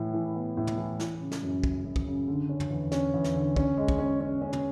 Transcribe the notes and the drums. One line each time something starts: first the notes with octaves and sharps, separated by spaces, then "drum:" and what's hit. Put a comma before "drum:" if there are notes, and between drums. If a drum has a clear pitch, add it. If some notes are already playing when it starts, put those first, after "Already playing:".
Already playing: A2 E3
E3
B3
A2
drum: tom
E3
E3, drum: snare
C#3
drum: snare
F#2
C#3, drum: kick
F#2
drum: kick
C#3
D3
C#4
drum: tom
E2
C#4, drum: snare
E2
drum: snare
D3
C#4, drum: kick
G#3
drum: kick
C#4
C#4
C#4
drum: tom